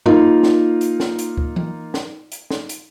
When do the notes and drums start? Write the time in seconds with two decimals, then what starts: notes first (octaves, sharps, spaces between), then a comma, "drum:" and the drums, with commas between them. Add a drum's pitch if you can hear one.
0.06 A#3 D#4 F4, drum: tom G2
0.43 drum: snare
0.81 drum: hi-hat
1.00 drum: snare
1.19 drum: hi-hat
1.37 drum: kick C#2
1.56 drum: tom E3
1.94 drum: snare
2.32 drum: hi-hat
2.51 drum: snare
2.69 drum: hi-hat